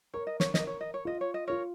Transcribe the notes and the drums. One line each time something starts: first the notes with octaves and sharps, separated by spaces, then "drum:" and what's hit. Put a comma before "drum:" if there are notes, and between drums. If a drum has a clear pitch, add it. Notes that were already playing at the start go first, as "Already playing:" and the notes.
A#4 C#5
D#5
C#5, drum: snare
A#4 D#5, drum: snare
C#5
D#5
C#5
F4 D#5
C#5
D#5
F4 A#4 C#5